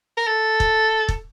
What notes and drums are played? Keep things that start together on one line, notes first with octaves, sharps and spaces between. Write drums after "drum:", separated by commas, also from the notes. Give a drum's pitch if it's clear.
A#4
A4
drum: kick
drum: kick